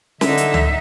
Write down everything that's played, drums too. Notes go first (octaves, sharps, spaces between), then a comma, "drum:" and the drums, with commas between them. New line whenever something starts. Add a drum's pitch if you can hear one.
D3 D#4 E5, drum: snare
drum: hi-hat
drum: tom C#2